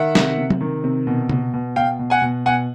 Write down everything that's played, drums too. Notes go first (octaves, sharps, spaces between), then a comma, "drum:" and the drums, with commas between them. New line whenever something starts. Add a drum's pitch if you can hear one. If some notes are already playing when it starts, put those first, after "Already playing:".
Already playing: D#3 E5 F#5
C3, drum: snare
C3
drum: tom
D#3
C3
B2
B2, drum: tom
B2
B2 F5 G5
B2
F#5 G#5
B2
B2 F#5 G#5